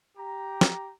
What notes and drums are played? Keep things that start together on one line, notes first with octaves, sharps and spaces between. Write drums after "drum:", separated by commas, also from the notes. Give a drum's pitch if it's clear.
G4 A#5
drum: snare